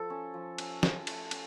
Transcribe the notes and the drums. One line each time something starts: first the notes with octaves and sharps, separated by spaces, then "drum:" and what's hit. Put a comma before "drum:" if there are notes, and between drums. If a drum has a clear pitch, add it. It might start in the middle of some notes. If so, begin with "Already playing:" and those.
Already playing: F3 A4
C#4
F3
C#4, drum: cymbal
C#4, drum: snare
A3, drum: cymbal
C#4, drum: cymbal